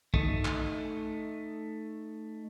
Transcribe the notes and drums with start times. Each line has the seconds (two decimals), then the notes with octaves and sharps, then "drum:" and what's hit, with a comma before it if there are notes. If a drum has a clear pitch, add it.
0.14 A3 D#4, drum: kick
0.45 drum: clap